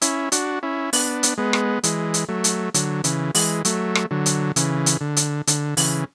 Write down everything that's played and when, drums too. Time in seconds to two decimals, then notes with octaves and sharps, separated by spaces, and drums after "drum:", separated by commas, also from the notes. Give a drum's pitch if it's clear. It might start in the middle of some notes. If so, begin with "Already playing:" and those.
0.02 C#4 E4, drum: hi-hat
0.32 D4 F#4, drum: hi-hat
0.63 C#4 E4
0.93 B3 D4, drum: open hi-hat
1.23 drum: hi-hat
1.38 G#3 B3
1.53 drum: rim click
1.83 E3 G#3, drum: hi-hat
2.14 drum: hi-hat
2.29 F#3 A3
2.44 drum: hi-hat
2.74 D3 F#3, drum: hi-hat
3.04 C#3 E3, drum: hi-hat
3.35 E3 G#3, drum: open hi-hat
3.65 F#3 A3, drum: hi-hat
3.95 drum: rim click
4.11 D3 F#3
4.26 drum: hi-hat
4.56 C#3 E3, drum: hi-hat
4.86 drum: hi-hat
5.01 D3
5.16 drum: hi-hat
5.47 D3, drum: hi-hat
5.77 C#3 E3, drum: open hi-hat